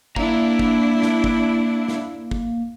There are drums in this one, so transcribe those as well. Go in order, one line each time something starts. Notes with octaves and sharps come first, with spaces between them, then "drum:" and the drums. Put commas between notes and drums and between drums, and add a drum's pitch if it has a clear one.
A#3 D4 E4 A#5, drum: kick
drum: kick
drum: snare
drum: kick
drum: snare
drum: kick